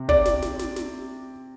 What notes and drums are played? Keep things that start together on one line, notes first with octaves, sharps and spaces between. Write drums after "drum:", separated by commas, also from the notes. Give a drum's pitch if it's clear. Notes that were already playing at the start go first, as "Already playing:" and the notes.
Already playing: C3
D5, drum: kick
drum: snare
drum: snare
drum: snare
drum: snare